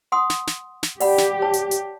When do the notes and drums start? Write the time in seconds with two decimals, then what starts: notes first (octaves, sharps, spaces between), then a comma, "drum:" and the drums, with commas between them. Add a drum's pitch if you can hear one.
0.12 F#5 C6 D#6
0.30 drum: snare
0.47 drum: snare
0.83 drum: snare
1.00 G4 D5 F#5 B5, drum: open hi-hat
1.18 drum: snare
1.42 C#5 A5
1.53 drum: hi-hat
1.71 drum: hi-hat